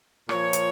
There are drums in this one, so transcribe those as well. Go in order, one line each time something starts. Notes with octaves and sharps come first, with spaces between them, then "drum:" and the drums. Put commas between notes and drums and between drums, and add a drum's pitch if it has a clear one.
A#2 F3 C#5, drum: rim click
drum: hi-hat